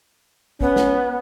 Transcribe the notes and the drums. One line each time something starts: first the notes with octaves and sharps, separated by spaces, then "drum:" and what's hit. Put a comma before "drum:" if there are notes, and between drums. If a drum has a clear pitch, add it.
B3 C#4, drum: kick
drum: snare